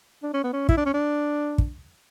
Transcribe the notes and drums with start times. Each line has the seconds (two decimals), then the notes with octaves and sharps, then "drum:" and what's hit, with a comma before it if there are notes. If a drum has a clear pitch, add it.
0.23 D4
0.33 C#4
0.44 B3
0.53 C#4
0.69 E4, drum: kick
0.77 D4
0.86 C#4
0.94 D4
1.58 drum: kick